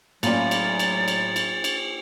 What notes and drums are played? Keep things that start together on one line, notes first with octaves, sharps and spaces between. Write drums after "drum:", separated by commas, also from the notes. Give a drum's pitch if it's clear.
A2 F#3 A#3 C#4 F4 D5 G#5 A6, drum: cymbal
drum: cymbal
drum: cymbal
drum: cymbal
drum: cymbal
drum: cymbal